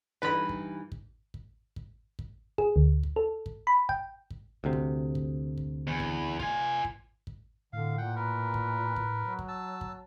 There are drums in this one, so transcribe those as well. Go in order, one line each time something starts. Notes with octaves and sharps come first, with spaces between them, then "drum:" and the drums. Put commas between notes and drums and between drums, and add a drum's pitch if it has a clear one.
G2 E3 D#4 B4 B5
drum: kick
drum: kick
drum: kick
drum: kick
drum: kick
G#4, drum: kick
D2
drum: kick
A4
drum: kick
B5
G5, drum: kick
drum: kick
D2 C3
drum: kick
drum: kick
drum: kick
E2
drum: kick
F4 G#5, drum: kick
drum: kick
drum: kick
A2 D3 F5
A#2 F#5 G5
A#4 B4
drum: kick
drum: kick
F#3
drum: kick
A5 E6
drum: kick